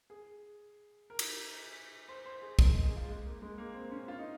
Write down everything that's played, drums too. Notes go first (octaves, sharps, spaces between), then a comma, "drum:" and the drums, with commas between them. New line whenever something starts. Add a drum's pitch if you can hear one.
G#4
A#4
drum: cymbal
C5
C5
G#4
A#4, drum: kick
D#5
G#4
F4
G#3
A#3
G#3
A#3
C4
C#4
F4
D#4